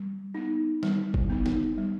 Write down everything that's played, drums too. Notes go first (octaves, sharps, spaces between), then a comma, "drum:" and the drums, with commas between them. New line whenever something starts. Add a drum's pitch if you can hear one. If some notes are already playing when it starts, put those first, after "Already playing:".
Already playing: G3
B3 D#4
G3, drum: snare
drum: kick F#1
B3 D#4
drum: snare
G3